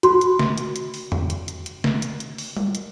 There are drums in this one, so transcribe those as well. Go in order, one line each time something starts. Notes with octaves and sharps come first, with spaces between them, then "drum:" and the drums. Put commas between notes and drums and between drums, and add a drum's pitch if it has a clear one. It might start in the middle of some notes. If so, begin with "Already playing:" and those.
F#4 C6, drum: hi-hat
drum: hi-hat
drum: snare
drum: hi-hat
drum: hi-hat
drum: open hi-hat
drum: tom E2
drum: hi-hat
drum: hi-hat
drum: hi-hat
drum: snare
drum: hi-hat
drum: hi-hat
drum: open hi-hat
drum: tom G3
drum: hi-hat